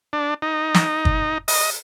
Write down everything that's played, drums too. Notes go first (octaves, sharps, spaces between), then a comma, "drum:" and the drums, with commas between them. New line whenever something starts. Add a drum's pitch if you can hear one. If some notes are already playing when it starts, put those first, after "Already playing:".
D4
D#4
drum: snare
drum: kick
D#5, drum: open hi-hat